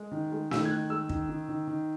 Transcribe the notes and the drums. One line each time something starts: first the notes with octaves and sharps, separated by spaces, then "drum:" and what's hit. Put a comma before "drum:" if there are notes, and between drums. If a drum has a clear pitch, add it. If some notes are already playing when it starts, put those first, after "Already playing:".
Already playing: G#3
D#3
G#3
D#3 E6, drum: snare
G#6
D#3 F#6
G#3 E6
D#3, drum: kick
D#3
D#3
D#3